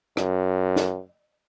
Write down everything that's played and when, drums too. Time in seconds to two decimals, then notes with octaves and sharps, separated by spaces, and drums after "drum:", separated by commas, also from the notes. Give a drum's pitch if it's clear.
0.17 F#2, drum: rim click
0.76 drum: snare